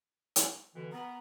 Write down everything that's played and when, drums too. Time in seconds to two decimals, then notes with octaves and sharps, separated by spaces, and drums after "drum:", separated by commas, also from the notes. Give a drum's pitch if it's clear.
0.36 drum: hi-hat
0.74 B2 D3 E3
0.92 B3 A#5